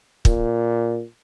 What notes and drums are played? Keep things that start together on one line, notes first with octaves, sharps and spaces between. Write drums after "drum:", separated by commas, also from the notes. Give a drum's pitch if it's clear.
A#2, drum: kick